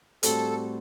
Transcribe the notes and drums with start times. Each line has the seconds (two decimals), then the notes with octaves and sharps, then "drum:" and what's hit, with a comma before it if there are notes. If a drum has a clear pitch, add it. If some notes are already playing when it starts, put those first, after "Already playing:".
0.23 A2 G3 C4 F#4 A4 C5, drum: hi-hat